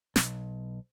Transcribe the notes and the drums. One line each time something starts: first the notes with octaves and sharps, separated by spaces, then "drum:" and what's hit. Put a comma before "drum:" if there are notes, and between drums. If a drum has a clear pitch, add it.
B1, drum: snare